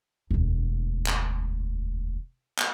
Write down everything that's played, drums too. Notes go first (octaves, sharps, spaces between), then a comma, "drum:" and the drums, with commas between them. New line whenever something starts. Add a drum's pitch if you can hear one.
E1 D2
drum: clap
drum: clap